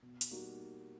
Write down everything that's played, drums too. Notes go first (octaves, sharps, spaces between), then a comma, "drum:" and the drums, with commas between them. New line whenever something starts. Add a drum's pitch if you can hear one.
B2
drum: hi-hat
G3 A#3 D#4 F#4